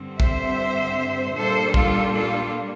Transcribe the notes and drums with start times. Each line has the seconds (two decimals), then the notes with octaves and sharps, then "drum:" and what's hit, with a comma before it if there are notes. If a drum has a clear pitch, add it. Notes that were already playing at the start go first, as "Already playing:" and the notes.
Already playing: G2 D3 G3 C4
0.20 C5 E5, drum: kick A#1
1.35 A#2 G3 A#3 D4 A4 C5
1.74 F4 A4, drum: kick A#1
2.13 F4 A4